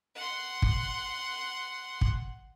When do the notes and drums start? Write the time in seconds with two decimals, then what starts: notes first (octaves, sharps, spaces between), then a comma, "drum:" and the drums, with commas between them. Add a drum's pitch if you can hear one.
0.16 F#5 C6
0.62 drum: kick
2.01 drum: kick